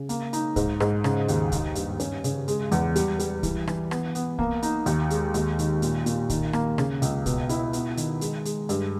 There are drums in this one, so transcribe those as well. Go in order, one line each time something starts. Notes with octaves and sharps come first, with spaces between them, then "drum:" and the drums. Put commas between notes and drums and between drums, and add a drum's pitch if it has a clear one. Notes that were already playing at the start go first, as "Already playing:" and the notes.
Already playing: C#3
A#3, drum: hi-hat
D#4, drum: hi-hat
G#2, drum: kick, hi-hat
G#2, drum: rim click
C#3, drum: rim click
D#2, drum: hi-hat
D#4, drum: kick, hi-hat
G2, drum: hi-hat
C#4, drum: hi-hat
C#3, drum: hi-hat
G#3, drum: hi-hat
E2, drum: hi-hat
G3, drum: hi-hat
G3, drum: hi-hat
E3, drum: kick, hi-hat
E3, drum: rim click
B3, drum: rim click
B3, drum: hi-hat
A#3, drum: kick
D#4, drum: hi-hat
D#2, drum: hi-hat
G#3, drum: hi-hat
D#2, drum: hi-hat
D#3, drum: hi-hat
A#2, drum: hi-hat
A#2, drum: hi-hat
D#3, drum: kick, hi-hat
A#3, drum: rim click
C#3, drum: rim click
C#2, drum: hi-hat
B2, drum: kick, hi-hat
E4, drum: hi-hat
B3, drum: hi-hat
D#3, drum: hi-hat
G#3, drum: hi-hat
G#3, drum: hi-hat
G2, drum: hi-hat